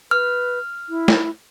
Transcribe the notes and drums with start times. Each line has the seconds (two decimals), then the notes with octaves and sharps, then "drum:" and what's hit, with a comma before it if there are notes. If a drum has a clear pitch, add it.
0.11 B4 F6
0.89 E4
1.08 drum: snare